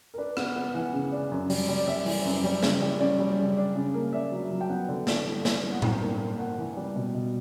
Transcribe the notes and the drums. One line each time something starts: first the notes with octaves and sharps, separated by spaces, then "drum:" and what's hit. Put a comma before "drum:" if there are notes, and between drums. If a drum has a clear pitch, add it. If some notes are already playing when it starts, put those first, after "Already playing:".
A#4
D4 B4
B3 F#5, drum: rim click
B3 F#5
E3 F#5
C#3
D4
F#2
G3, drum: open hi-hat
G3
D5
G3 E5
E3, drum: open hi-hat
F#2
G3
C#3, drum: snare
G3
C#4 D5
G3
C#3
D4
C#3
A#3
D4 E5
F#3
F#3
G5
B3 F#5
D3
D4, drum: snare
G3
G3, drum: snare
B3
F#5
G2 G5, drum: tom A2
A#3
A#3
A#3 F#5
E3
G3
B2
B2